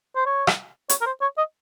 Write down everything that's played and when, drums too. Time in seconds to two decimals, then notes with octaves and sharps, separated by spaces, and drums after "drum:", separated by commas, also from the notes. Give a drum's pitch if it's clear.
0.16 C5
0.26 C#5
0.47 drum: rim click
0.89 C#5, drum: hi-hat
1.01 A#4
1.06 C5
1.21 C#5
1.38 D#5